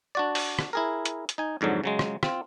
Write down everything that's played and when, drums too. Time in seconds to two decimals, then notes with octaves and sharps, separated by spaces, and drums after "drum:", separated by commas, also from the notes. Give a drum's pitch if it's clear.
0.15 D4 F#4 D5
0.35 drum: open hi-hat
0.59 drum: rim click
0.73 E4 G#4 A#4
1.05 drum: hi-hat
1.29 drum: hi-hat
1.38 D#4 G#5
1.61 F2 G#2 D3 F#3
1.84 C#3 F#3 G#3
1.99 drum: rim click
2.23 C4 F4, drum: rim click